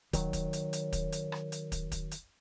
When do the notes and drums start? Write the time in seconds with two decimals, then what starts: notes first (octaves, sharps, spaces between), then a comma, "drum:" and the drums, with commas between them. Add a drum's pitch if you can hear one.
0.13 D#3 F#3, drum: kick, hi-hat
0.33 drum: kick, hi-hat
0.53 drum: hi-hat
0.73 drum: hi-hat
0.93 drum: kick, hi-hat
1.12 drum: hi-hat
1.32 drum: rim click
1.52 drum: hi-hat
1.72 drum: kick, hi-hat
1.92 drum: kick, hi-hat
2.11 drum: hi-hat